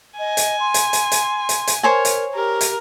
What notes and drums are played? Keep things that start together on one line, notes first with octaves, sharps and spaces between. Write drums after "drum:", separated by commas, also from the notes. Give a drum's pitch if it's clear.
D#5 G#5
drum: hi-hat
C6
drum: hi-hat
drum: hi-hat
drum: hi-hat
drum: hi-hat
drum: hi-hat
A#4 C5 C#5 G#5
drum: hi-hat
G4 A#4
drum: hi-hat